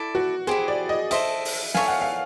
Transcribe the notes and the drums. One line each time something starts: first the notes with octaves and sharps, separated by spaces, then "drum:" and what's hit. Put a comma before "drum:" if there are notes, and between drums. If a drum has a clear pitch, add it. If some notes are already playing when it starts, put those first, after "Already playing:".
Already playing: E4 A4 D5
F#4
E4 G4 G#4 C5
D5
D#5
A4 C5 D#5 E5, drum: cymbal
drum: open hi-hat
A4 C#5 E5 F5 G#5, drum: snare
F#5
F5